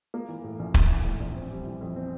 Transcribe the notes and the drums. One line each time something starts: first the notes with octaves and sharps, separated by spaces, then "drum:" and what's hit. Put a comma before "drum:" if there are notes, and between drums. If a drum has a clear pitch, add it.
A#3
E3
A2
A#1
A#3, drum: kick
E3
A2
A#1
C4
G3
E3
F2
C4